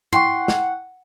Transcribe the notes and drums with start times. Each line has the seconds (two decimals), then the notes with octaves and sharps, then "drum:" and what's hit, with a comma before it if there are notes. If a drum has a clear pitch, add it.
0.13 E4 F#5 G5 C6 C#6, drum: tom G2
0.48 drum: snare